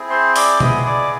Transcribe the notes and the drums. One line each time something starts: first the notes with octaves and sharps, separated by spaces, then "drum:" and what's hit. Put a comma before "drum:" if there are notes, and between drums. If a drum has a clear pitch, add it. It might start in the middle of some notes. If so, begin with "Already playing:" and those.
Already playing: C4 E4 G#4
C5 C6
D5 D6, drum: open hi-hat
B3 E4 G#4 D#5 D#6, drum: tom B2
D5 D6